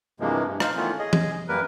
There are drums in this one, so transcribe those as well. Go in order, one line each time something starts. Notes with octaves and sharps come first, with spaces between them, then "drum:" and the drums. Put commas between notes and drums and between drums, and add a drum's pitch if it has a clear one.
G2 C3 E3 F3 G#3 A#3
G2
D#4 C5 F5, drum: rim click
D#3 E3 A3 B3 C#4 F4
G#4 D#5
drum: tom E3
F#2 G3 A#3 A#4 B4